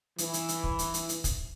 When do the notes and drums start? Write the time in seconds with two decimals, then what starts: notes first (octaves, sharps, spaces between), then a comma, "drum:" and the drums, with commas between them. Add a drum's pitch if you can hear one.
0.18 E3, drum: hi-hat
0.33 drum: hi-hat
0.49 drum: hi-hat
0.64 drum: kick
0.79 drum: hi-hat
0.94 drum: hi-hat
1.09 drum: hi-hat
1.24 drum: kick, hi-hat